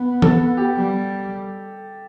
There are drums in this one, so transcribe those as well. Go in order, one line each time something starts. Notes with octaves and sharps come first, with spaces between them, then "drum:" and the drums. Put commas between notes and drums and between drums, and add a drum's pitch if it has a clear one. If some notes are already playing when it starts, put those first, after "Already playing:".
Already playing: B3
A4, drum: tom
G4
G3